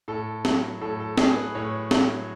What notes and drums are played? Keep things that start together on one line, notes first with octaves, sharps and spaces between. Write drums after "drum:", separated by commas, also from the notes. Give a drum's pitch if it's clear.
A2 A4
F#3, drum: snare
A2 A4
A4
A3 G#4, drum: snare
B4
A2 C#5
F#3, drum: snare